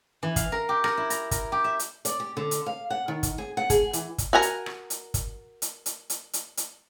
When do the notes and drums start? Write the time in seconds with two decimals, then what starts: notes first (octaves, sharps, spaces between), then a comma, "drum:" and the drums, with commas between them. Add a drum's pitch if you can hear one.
0.23 E3
0.36 F5, drum: kick, hi-hat
0.52 A#4
0.69 G4
0.84 A#4, drum: rim click
0.97 E4
1.10 A#5, drum: hi-hat
1.31 A#4, drum: kick, hi-hat
1.52 G4
1.64 E5
1.79 drum: hi-hat
2.05 D5, drum: hi-hat
2.20 G4
2.37 D3
2.51 drum: hi-hat
2.66 F5
2.90 F#5
3.08 D#3
3.23 drum: kick, hi-hat
3.38 G#4
3.57 F#5
3.70 G#4, drum: kick, hi-hat
3.93 E3, drum: hi-hat
4.18 drum: kick, hi-hat
4.33 F#4 A#4 G#5 A#5
4.42 drum: hi-hat
4.66 drum: rim click
4.90 drum: hi-hat
5.14 drum: kick, hi-hat
5.62 drum: hi-hat
5.86 drum: hi-hat
6.10 drum: hi-hat
6.33 drum: hi-hat
6.57 drum: hi-hat